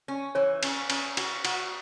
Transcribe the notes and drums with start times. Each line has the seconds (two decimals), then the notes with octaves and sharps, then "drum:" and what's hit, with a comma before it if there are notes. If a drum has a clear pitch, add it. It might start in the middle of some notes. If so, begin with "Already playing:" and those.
0.08 C#4
0.35 E3 C#5
0.63 C#4, drum: cymbal
0.90 C#4, drum: cymbal
1.17 F#4, drum: cymbal
1.45 F#4, drum: cymbal